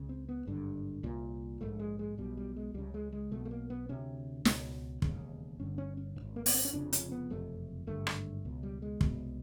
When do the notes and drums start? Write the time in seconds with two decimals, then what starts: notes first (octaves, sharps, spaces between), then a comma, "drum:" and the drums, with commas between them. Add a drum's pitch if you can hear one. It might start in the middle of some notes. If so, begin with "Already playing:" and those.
Already playing: C#2 C#3
0.09 C4
0.29 B3
0.47 G#1 G2 D3
1.03 C2 A#2
1.61 A#1 G#2 A3
1.79 G#3
1.99 G#3
2.18 B1 B2 G3
2.37 G3
2.56 G#3
2.74 C#2 C#3 G3
2.94 G#3
3.12 G#3
3.31 B1 B2 A3
3.45 A3
3.51 A#3
3.70 B3
3.89 D2 C3 C#4
4.45 C#2 B2 C#4, drum: snare
5.02 E1 D#2 C#3, drum: kick
5.59 G1 G2 D3 C#4
5.78 C#4
5.97 C#4
6.16 G#2
6.21 G#1
6.36 A#3
6.46 B3, drum: open hi-hat
6.54 C4
6.65 C#4
6.73 F1 F2 C#3 D4
6.93 C#4, drum: hi-hat
7.12 B3
7.30 F#1 F2 C3 A3
7.87 G#1 G2 D3 A3
8.07 drum: rim click
8.45 C#2 B2
8.63 G3
8.82 G#3
9.01 C2 B2, drum: kick